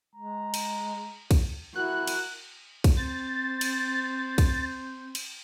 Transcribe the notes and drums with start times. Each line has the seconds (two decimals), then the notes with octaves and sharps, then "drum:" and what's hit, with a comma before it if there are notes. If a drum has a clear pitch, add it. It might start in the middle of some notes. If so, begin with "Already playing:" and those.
0.15 G#3 A#5
0.54 drum: cymbal
1.31 drum: kick, cymbal
1.75 E4 F#4 A#4 F#6
2.07 drum: cymbal
2.84 drum: kick, cymbal
2.97 C4 C5 A6
3.61 drum: cymbal
4.38 drum: kick, cymbal
5.15 drum: cymbal